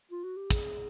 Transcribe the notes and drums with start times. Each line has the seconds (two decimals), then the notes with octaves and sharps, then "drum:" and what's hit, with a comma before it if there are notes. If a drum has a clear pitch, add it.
0.11 F4
0.24 F#4
0.37 G4
0.51 G#4, drum: kick, hi-hat